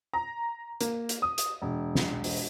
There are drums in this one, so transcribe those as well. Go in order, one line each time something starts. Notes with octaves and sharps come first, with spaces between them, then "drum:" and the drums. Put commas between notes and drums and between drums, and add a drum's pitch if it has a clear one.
A#5
A#3, drum: hi-hat
drum: hi-hat
D#6
drum: hi-hat
E1
drum: snare
drum: open hi-hat